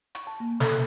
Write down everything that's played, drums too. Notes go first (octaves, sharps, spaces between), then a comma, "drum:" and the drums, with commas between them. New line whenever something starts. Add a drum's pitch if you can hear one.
C#6, drum: hi-hat
A5
A#3
A4, drum: snare
F#6